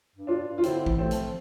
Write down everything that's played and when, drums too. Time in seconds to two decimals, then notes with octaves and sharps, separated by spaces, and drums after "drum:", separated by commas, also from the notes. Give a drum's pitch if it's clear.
0.15 G2
0.27 D4 F4
0.39 G2
0.58 F4
0.63 D3 C4 E4, drum: hi-hat
0.86 E3, drum: kick
0.98 A3 C4
1.11 F3, drum: hi-hat